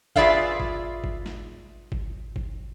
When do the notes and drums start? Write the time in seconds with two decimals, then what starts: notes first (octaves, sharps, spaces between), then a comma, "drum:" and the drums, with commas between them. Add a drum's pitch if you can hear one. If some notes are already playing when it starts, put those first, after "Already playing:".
0.16 F4 G#4 B4 D5 E5 F5, drum: kick G#1
0.60 drum: kick G#1
1.04 drum: kick G#1
1.26 drum: snare
1.92 drum: kick G#1
2.36 drum: kick G#1